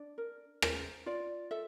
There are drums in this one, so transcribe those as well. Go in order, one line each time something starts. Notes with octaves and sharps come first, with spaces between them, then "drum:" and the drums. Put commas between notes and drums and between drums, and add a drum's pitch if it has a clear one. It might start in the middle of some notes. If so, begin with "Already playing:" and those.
Already playing: D4 D5
A#4
A#4 C5, drum: rim click
F4 D5
A4 E5